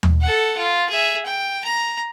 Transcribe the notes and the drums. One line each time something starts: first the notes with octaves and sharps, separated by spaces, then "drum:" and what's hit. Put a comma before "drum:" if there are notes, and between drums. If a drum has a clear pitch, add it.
drum: tom D#2
A4 F#5
F4
G#4 E5
G5
A#5